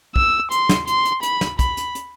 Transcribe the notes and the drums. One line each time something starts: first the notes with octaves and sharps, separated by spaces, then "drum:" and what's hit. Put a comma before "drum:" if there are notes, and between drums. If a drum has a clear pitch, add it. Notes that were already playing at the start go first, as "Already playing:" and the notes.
E6, drum: kick
C6, drum: hi-hat
drum: snare
C6, drum: hi-hat
drum: hi-hat
B5, drum: hi-hat
drum: snare
B5, drum: kick, hi-hat
drum: hi-hat
drum: hi-hat